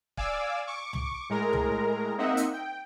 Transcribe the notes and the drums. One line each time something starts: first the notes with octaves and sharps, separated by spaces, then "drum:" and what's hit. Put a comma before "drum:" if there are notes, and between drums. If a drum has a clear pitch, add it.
D5 F5 G#5 D6 E6, drum: kick
C#6 D6
drum: tom C#2
A2 G#3 A#4 A#5
drum: tom C#2
A#3 C4 D#4 D#5 E5 F#5
drum: hi-hat
G5